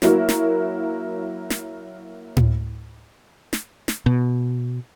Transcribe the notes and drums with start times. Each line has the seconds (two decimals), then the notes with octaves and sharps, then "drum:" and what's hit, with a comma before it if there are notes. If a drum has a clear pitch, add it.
0.02 F#3 A#3 E4 F#4 A#4, drum: snare
0.29 drum: snare
1.50 drum: snare
2.37 drum: tom A2
3.53 drum: snare
3.88 drum: snare
4.06 B2